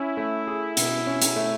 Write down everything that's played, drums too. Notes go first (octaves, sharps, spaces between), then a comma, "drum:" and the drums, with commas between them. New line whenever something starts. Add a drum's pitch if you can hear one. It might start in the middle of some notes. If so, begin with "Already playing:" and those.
Already playing: C#4 E4
A3
G#4
B2, drum: hi-hat
C#4
drum: hi-hat
A3